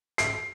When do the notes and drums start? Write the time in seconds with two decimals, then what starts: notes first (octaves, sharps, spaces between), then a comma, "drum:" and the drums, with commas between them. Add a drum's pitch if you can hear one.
0.18 C7, drum: hi-hat